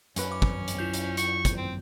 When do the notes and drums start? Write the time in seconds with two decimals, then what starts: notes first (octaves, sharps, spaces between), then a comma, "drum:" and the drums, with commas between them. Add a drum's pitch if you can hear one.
0.16 F#2 C#4 B4, drum: hi-hat
0.32 D6
0.42 drum: kick
0.68 drum: hi-hat
0.79 E4 F4 G6
0.94 drum: hi-hat
1.17 C#6, drum: hi-hat
1.45 drum: kick, hi-hat
1.57 C4